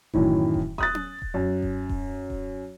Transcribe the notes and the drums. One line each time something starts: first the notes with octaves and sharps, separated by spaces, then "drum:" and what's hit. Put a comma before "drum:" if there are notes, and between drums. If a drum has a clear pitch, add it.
F#2 A2 D#3 E3, drum: kick D#1
drum: kick D#1
D#6 F#6 A6, drum: kick D#1
drum: tom C#4
drum: kick D#1
F#2
drum: kick D#1
drum: kick D#1
drum: kick D#1